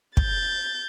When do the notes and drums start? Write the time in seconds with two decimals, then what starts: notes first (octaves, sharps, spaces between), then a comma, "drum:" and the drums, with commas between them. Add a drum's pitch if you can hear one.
0.17 G6 A6, drum: kick